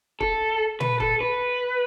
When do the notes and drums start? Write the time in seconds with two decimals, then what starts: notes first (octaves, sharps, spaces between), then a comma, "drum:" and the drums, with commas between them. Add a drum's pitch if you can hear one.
0.21 A4, drum: kick
0.80 B4, drum: tom A#2
1.00 A4, drum: kick
1.21 B4